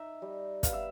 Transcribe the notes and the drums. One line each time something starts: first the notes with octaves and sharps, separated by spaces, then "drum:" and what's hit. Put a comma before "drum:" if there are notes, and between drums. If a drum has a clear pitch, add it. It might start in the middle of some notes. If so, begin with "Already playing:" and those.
Already playing: D#4 E5
G3
B3 F5, drum: kick, hi-hat
E5